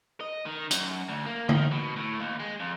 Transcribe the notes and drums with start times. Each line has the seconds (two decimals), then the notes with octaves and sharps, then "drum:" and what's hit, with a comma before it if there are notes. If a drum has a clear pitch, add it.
0.21 D#5
0.46 D#3
0.71 F#2, drum: hi-hat
1.09 D2
1.26 A#3
1.49 D#3, drum: tom D3
1.71 B2
1.96 A2
2.20 D#2
2.40 G#3
2.60 F2